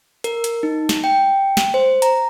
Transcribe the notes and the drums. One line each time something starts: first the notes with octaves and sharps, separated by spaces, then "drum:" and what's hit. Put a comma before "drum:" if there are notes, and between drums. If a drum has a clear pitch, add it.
A#4, drum: hi-hat
drum: hi-hat
D#4
drum: snare
G5
drum: snare
C5
A#5, drum: hi-hat